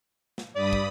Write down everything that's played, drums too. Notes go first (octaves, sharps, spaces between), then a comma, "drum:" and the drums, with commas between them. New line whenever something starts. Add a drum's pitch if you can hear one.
drum: snare
G2 D5 B5 D#6
drum: kick